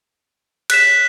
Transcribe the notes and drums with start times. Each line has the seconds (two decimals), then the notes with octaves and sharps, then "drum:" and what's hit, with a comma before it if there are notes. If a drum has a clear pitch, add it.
0.70 F#6 B6 E7, drum: cymbal